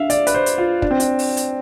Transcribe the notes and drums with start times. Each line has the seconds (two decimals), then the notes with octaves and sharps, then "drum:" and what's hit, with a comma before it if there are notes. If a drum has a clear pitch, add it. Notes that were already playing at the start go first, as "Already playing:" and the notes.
Already playing: D4 E5 F5
0.10 D5, drum: hi-hat
0.27 B4, drum: hi-hat
0.34 C5
0.46 drum: hi-hat
0.58 F4
0.82 D4, drum: kick
0.91 C4
1.00 D4, drum: hi-hat
1.19 drum: open hi-hat
1.37 drum: hi-hat